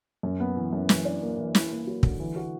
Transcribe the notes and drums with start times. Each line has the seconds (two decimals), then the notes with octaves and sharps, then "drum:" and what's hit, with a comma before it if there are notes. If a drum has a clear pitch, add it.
0.23 F#2
0.40 B3
0.56 E3
0.73 F#2
0.89 E3, drum: snare
1.05 D4
1.22 A#3
1.38 E3
1.55 E4, drum: snare
1.71 A#3
1.87 F#3
2.03 D3, drum: kick
2.19 E3
2.36 F#4